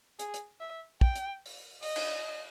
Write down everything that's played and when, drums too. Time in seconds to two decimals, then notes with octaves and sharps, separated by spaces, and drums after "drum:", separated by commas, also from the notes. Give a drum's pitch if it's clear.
0.19 G#4, drum: hi-hat
0.34 drum: hi-hat
0.60 E5
1.01 G5, drum: kick
1.15 drum: hi-hat
1.46 drum: open hi-hat
1.83 D#5, drum: open hi-hat
1.96 drum: cymbal